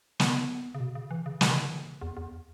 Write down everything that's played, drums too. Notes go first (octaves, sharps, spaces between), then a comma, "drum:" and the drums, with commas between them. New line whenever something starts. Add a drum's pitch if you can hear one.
B3, drum: snare
C#3
B2
C#3
E3
C#3
C#3, drum: snare
E3
C#3
E3
C#3
E2
E2